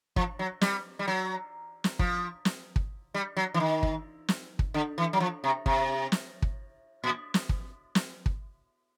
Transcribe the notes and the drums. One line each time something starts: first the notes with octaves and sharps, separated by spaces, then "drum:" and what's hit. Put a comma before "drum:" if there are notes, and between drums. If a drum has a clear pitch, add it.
F3, drum: kick
F#3
G3, drum: snare
G3
F#3
drum: snare
F3, drum: kick
drum: snare
drum: kick
G3
F#3
E3
D#3
drum: kick
drum: snare
drum: kick
D3
E3
F#3
F3
C3
C3, drum: kick
drum: snare
drum: kick
A#2
drum: snare
drum: kick
drum: snare
drum: kick